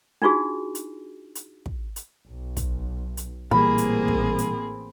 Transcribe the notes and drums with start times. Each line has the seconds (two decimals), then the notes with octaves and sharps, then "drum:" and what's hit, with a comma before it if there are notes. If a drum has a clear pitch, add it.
0.22 D4 D#4 F4 F#4 G#4
0.75 drum: hi-hat
1.35 drum: hi-hat
1.66 drum: kick
1.96 drum: hi-hat
2.26 B1
2.57 drum: kick, hi-hat
3.17 drum: hi-hat
3.51 A1 A#2 E3 G3 A#3 C4 G#4 B5
3.78 drum: hi-hat
4.08 drum: kick
4.38 drum: hi-hat